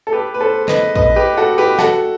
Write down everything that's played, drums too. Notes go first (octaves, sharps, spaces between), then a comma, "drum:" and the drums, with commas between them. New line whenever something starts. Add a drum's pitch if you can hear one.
A4
G4 B4
B4
A4 C5
B4 D#5, drum: snare
B4 D#5, drum: kick
G4 B4
F#4 A4
G4 B4
F#4 A4, drum: snare